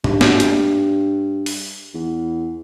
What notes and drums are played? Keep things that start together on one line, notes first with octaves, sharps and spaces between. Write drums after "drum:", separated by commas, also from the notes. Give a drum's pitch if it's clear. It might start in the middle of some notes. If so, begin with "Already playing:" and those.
G2, drum: tom G#2
drum: snare
drum: hi-hat
drum: open hi-hat
E2